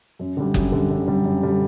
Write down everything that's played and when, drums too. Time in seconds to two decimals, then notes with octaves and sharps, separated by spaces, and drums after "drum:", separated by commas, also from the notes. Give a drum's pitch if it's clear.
0.19 F#2
0.37 D3 G3
0.54 F#2, drum: kick F#1
0.72 D3 G3
0.90 F#2
1.07 D3 G3
1.25 F#2
1.42 D3 G3